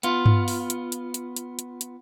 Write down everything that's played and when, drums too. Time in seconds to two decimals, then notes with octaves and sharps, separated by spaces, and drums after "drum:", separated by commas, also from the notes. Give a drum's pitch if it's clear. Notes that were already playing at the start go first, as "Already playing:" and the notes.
0.03 B3 F4, drum: hi-hat
0.26 drum: tom G2
0.48 drum: open hi-hat
0.70 drum: hi-hat
0.92 drum: hi-hat
1.14 drum: hi-hat
1.36 drum: hi-hat
1.59 drum: hi-hat
1.81 drum: hi-hat